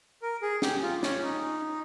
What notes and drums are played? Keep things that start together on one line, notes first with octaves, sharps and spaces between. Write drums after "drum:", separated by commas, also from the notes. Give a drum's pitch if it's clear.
A#4
G#4
G4, drum: snare
F4
C#4, drum: snare
D#4